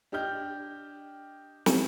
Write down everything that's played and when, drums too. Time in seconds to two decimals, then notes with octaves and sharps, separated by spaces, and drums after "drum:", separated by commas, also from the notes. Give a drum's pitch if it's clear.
0.12 D4 G4 D#5 F6 G6
1.66 drum: snare